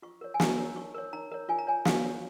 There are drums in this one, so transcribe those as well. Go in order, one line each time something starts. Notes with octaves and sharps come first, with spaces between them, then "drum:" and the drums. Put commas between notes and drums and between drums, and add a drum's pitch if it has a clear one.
F4 C#6
A#4 C#5
G#5
F4 A#5, drum: snare
A#4 C#5
D#4 C#6
A#4 C#5
D#4 A#5
A#4 C#5
F4 G#5
A#5
C#5 G#5
F4 F5, drum: snare
C#5